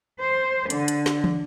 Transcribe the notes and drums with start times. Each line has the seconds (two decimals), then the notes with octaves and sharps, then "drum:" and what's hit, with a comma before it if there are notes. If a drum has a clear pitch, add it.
0.20 C5
0.70 D3, drum: hi-hat
0.88 drum: hi-hat
1.06 drum: snare
1.24 drum: tom